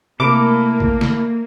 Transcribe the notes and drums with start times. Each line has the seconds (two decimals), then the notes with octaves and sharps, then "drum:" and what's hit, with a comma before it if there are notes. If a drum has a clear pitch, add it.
0.20 C3 A3 A#3 E4 A4 A#4 D6
0.80 drum: kick A1
1.01 drum: snare